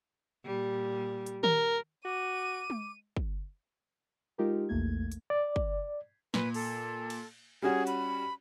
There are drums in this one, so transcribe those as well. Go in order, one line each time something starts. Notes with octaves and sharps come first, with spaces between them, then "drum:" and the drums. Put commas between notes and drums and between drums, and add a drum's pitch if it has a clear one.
A#2 G3
drum: hi-hat
A#4, drum: tom D#3
F#4 D6 D#7
drum: tom G#3
drum: kick
G#3 D#4 F4 G4 A#4
A#1 E2 A3 A#3 G#6
drum: hi-hat
D5
drum: kick
A#2 B4, drum: snare
A4, drum: open hi-hat
drum: cymbal
G3 C#4 F#4 G#4
B5, drum: hi-hat